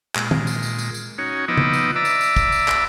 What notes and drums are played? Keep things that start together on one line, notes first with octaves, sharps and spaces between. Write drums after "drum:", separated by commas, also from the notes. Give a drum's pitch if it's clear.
A#2 G#3, drum: clap
drum: tom
drum: tambourine
drum: tambourine
drum: tambourine
drum: tambourine
C#4 D#4 F#4 C#5
F3 B3 D#4 D#5 D6 E6
drum: tom
drum: tambourine
D5 E5 A#5 D6 E6
drum: tambourine
drum: tambourine
drum: kick, tambourine
drum: tambourine
drum: clap